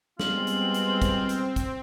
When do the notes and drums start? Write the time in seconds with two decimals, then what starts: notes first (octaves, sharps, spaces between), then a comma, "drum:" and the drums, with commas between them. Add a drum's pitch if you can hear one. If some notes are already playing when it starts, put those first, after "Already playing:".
0.19 G3 G#3 B3 C4 F4 F#7, drum: snare
0.47 drum: hi-hat
0.74 drum: hi-hat
1.02 drum: kick, hi-hat
1.29 drum: hi-hat
1.56 drum: kick, hi-hat